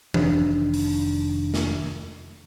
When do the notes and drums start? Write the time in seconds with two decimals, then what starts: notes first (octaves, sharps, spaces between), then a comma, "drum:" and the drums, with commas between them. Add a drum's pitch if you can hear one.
0.14 F1 D#3 D4, drum: tom E3
0.74 drum: open hi-hat
1.54 drum: snare